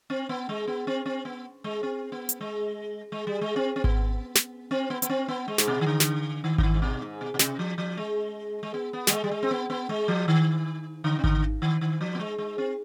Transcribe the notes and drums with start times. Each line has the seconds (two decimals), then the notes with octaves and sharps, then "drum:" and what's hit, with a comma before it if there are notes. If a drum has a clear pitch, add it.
0.10 C4
0.29 B3
0.49 G#3
0.67 B3
0.87 C4
1.06 C4
1.25 B3
1.64 G#3
1.83 C4
2.12 B3
2.29 drum: hi-hat
2.41 G#3
3.12 G#3
3.27 G3
3.41 G#3
3.56 C4
3.76 C4
3.84 B3, drum: kick G#1
4.35 drum: snare
4.71 C4
4.90 B3
5.02 B3, drum: hi-hat
5.09 C4
5.28 B3
5.48 G#3
5.58 G#2, drum: snare
5.67 B2
5.81 D#3
5.86 D3
6.00 drum: snare
6.44 D#3
6.58 D3, drum: kick G#1
6.63 D#3
6.74 G#2
6.82 B2
7.01 G#2
7.21 B2
7.34 B2
7.39 C3, drum: snare
7.59 F3
7.78 F3
7.97 G#3
8.63 G#3
8.74 B3
8.93 B3
9.07 G3, drum: snare
9.12 G#3
9.24 G3
9.31 G#3
9.43 C4
9.51 B3
9.70 B3
9.89 G#3
10.08 F3
10.28 D#3
11.04 D3
11.19 C3
11.24 D3, drum: kick G#1
11.62 D#3
11.81 D#3
12.01 F3
12.15 B3
12.19 G#3
12.38 G#3
12.58 C4